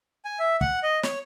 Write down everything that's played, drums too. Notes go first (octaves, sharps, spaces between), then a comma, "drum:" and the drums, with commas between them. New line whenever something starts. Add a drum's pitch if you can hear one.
G#5
E5
F#5, drum: kick
D#5
C#5, drum: snare